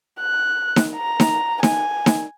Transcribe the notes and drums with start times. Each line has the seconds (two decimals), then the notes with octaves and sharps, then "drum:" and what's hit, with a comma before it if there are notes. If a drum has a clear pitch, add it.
0.20 F#6
0.76 drum: snare D#4
0.96 A#5
1.20 drum: snare D#4
1.63 G#5, drum: snare D#4
2.06 drum: snare D#4